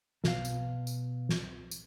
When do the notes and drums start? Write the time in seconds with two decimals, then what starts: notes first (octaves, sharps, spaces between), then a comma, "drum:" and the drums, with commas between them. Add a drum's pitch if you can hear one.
0.24 B2 F5, drum: snare
0.45 drum: tambourine
0.87 drum: tambourine
1.29 drum: snare
1.71 drum: tambourine